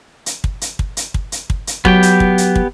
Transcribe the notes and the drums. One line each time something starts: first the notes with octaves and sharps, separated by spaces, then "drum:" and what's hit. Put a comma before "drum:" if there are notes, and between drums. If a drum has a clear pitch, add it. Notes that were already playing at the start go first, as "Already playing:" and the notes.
drum: hi-hat
drum: kick
drum: hi-hat
drum: kick
drum: hi-hat
drum: kick
drum: hi-hat
drum: kick
drum: hi-hat
F#3 B3 G4 G5, drum: kick
drum: hi-hat
drum: kick
drum: hi-hat
drum: kick